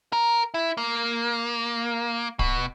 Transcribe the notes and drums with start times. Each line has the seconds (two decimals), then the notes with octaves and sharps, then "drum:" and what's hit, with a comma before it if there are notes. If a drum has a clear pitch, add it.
0.13 A#4
0.54 E4
0.77 A#3
2.39 B2, drum: kick D1